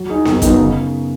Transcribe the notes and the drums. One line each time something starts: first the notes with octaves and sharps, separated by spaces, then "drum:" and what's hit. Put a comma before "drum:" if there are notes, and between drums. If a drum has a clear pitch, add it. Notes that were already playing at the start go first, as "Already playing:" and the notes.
Already playing: F#3
D#4 G#4
F#2, drum: snare B3
F#3 B3 D#4, drum: kick, hi-hat
C#3